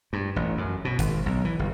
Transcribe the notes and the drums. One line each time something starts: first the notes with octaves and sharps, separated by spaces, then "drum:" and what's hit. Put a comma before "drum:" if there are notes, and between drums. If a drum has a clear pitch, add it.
G2
A1
F#2
B2
G#1, drum: kick G#1, hi-hat
B1
E3
G1